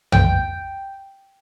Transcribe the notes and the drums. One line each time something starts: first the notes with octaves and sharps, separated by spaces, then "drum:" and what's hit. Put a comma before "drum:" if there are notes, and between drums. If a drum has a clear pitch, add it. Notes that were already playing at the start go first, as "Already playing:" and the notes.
G5, drum: tom